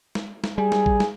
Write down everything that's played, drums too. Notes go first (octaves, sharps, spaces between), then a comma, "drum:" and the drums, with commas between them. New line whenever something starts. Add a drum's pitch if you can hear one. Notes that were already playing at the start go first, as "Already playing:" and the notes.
drum: snare
drum: snare
G3 G#4
drum: snare
drum: kick A1
drum: snare